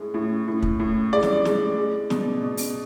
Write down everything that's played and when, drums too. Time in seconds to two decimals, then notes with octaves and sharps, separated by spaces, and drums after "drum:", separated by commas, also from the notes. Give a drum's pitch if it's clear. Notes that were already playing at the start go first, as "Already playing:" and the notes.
Already playing: A2 G#3
0.14 A2
0.48 A2
0.62 drum: kick
0.80 A2
1.13 G#3 D5
1.23 drum: snare
1.45 G#3, drum: snare
1.78 G#3
2.10 B2, drum: snare
2.43 B2
2.57 drum: open hi-hat